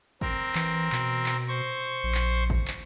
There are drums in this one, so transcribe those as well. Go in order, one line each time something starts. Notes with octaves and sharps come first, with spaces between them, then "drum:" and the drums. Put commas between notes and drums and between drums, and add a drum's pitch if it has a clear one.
C4 A#4, drum: kick
E3, drum: clap
B2, drum: clap
drum: clap
C5 C#6
A#1
drum: clap
drum: kick
drum: clap